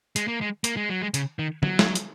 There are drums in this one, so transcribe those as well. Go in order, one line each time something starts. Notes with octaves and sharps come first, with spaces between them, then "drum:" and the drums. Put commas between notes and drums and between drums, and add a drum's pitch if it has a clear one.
G#3, drum: hi-hat
A#3
G#3
A#3, drum: hi-hat
G#3
F#3
G#3
C#3, drum: hi-hat
D#3
F#3, drum: tom D3
drum: snare
drum: hi-hat